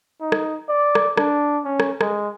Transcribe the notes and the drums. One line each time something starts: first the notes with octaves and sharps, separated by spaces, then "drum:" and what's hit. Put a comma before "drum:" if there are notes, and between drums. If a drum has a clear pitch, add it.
D#4
drum: rim click
D5
drum: rim click
D4, drum: rim click
C#4
drum: rim click
G#3, drum: rim click